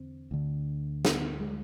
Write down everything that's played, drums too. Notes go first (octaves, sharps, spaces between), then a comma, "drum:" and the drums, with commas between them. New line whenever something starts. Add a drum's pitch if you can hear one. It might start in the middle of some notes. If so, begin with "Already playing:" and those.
Already playing: E2 D3 C4
D2 D3
B3, drum: snare
G#3